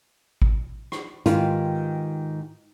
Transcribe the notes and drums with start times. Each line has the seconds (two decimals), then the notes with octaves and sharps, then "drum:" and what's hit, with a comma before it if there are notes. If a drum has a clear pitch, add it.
0.42 drum: kick G#1
0.92 drum: rim click
1.26 G#2 D#3 F4 G4 B4, drum: hi-hat